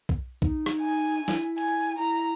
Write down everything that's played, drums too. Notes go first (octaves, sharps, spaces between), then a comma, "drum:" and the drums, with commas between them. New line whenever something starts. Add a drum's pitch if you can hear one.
drum: kick B1
D#4, drum: kick B1
drum: rim click
G#5
E4, drum: snare
G#5, drum: hi-hat
E4 A#5